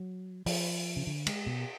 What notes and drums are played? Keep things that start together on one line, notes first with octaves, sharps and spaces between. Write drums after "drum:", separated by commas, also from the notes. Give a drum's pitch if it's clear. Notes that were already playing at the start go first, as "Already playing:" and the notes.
Already playing: F#3
F3, drum: open hi-hat
C#3
D3
G#3, drum: cymbal
B2